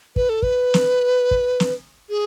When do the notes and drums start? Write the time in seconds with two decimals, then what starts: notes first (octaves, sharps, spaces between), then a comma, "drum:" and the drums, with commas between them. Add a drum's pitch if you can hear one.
0.16 B4, drum: kick
0.29 A4
0.43 B4, drum: kick
0.74 drum: snare
1.31 drum: kick
1.60 drum: snare
2.10 G#4